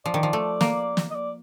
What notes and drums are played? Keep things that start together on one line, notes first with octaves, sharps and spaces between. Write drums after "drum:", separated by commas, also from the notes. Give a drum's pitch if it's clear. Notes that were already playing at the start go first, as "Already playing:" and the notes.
F3 D5
D#3
F3
A3
A#3, drum: snare
drum: snare
D#5
D5